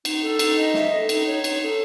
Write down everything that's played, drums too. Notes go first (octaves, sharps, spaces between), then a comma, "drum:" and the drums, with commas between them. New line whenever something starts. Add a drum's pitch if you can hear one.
D#4, drum: cymbal
A4
D#4, drum: cymbal
D#5
E5, drum: snare
A4
D#4, drum: cymbal
C#5
D#4, drum: cymbal
A4